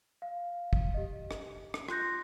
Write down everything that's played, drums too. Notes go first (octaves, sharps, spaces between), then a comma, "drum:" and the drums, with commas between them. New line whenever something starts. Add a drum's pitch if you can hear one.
F5
drum: kick
G4 D#5
drum: rim click
drum: rim click
F4 C6 F#6 G6 A#6, drum: rim click